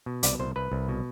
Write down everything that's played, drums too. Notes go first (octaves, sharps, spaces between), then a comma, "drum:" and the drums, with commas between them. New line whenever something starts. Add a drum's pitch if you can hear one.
B2
C2 D5, drum: hi-hat
C2 C5
C2 B4
C2
B2